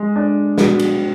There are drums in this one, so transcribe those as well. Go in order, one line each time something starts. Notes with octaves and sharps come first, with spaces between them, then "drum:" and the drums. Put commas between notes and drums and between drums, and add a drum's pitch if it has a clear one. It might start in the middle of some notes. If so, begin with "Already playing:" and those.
Already playing: G#3
D4
B2, drum: snare
drum: cymbal